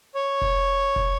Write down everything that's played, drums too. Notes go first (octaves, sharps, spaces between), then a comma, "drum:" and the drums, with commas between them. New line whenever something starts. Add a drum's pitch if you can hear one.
C#5
drum: kick F1
drum: kick F1